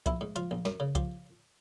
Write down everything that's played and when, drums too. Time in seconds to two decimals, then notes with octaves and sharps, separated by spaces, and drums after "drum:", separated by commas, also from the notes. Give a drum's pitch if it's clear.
0.06 A#1 E4, drum: kick C2, hi-hat
0.21 G#2
0.36 F3 F4, drum: hi-hat
0.51 A#1
0.65 F#2, drum: snare
0.80 C#3
0.95 F3 G4, drum: kick C2, hi-hat